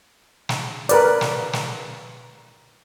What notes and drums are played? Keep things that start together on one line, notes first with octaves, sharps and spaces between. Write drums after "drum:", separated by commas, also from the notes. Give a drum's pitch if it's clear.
drum: snare
A#4 B4 D5, drum: hi-hat
drum: snare
drum: snare